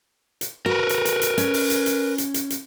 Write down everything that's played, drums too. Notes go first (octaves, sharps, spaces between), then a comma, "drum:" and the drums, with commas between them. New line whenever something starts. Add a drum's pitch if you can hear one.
drum: hi-hat
F#4 A#4 B4
drum: hi-hat
drum: hi-hat
drum: hi-hat
C#4, drum: hi-hat
drum: open hi-hat
drum: hi-hat
drum: hi-hat
drum: hi-hat
drum: hi-hat
drum: hi-hat